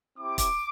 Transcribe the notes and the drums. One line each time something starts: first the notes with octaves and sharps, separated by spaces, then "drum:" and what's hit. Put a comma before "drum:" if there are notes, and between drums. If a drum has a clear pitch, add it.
C4 E4 G4 D6
drum: kick, hi-hat